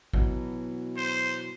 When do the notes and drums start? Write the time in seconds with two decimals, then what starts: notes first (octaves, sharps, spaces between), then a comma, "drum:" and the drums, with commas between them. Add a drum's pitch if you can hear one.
0.13 B2 E3 F#3, drum: kick A1
0.97 C5